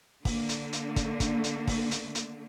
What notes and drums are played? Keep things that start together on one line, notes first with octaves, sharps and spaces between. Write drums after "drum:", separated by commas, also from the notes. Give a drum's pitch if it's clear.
D3 A#3, drum: kick, open hi-hat
drum: hi-hat
drum: hi-hat
drum: kick, hi-hat
drum: kick, hi-hat
drum: hi-hat
drum: kick, open hi-hat
drum: hi-hat
drum: hi-hat